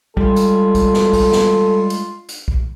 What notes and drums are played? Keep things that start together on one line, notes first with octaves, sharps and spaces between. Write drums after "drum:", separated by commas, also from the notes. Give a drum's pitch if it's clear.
G3 G#3 F4 A4, drum: kick
drum: hi-hat
drum: kick, hi-hat
drum: snare
drum: kick, open hi-hat
drum: snare
drum: hi-hat
drum: hi-hat
drum: kick